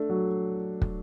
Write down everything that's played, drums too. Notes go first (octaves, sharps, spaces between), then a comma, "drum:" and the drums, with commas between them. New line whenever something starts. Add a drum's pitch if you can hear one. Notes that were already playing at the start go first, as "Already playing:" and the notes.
Already playing: A3 D4
F#3
drum: kick